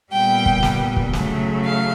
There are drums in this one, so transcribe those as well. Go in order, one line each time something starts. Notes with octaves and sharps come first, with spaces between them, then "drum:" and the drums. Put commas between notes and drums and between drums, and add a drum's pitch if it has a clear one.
A#2 G3 B3 G5
drum: kick
drum: snare
drum: kick
C#3 F#3 A3, drum: snare
F5